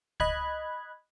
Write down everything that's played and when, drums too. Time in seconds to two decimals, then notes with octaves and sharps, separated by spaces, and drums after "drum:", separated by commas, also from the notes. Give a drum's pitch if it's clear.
0.20 D#5 B5 F#6 G#6, drum: kick